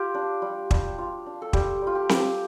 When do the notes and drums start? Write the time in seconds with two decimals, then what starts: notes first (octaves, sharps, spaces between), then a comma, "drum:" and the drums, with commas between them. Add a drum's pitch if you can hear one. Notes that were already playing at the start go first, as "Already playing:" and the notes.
Already playing: F4 G4
0.14 D4
0.42 G3
0.71 G3, drum: kick
0.98 F4
1.26 D4
1.42 A4
1.53 G3 G4, drum: kick
1.82 G3 F4
1.95 G4
2.09 F4, drum: snare C4